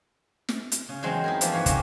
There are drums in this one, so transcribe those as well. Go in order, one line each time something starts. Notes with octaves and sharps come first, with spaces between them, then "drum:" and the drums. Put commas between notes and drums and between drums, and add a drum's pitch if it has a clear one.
drum: snare
drum: hi-hat
C#3
E2 F#3 G#3 C4 C5
D#4 E4 A#4
E3 F3 A#3, drum: hi-hat
G#2 A#3 B4 C#5
C#3 C#4 F#4 G4 C5, drum: kick, hi-hat